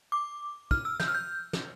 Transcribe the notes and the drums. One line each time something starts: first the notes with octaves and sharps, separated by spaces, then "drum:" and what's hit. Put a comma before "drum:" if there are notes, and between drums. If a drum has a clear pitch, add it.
D6
F6, drum: kick
E6
G6, drum: snare
F6
G6
drum: snare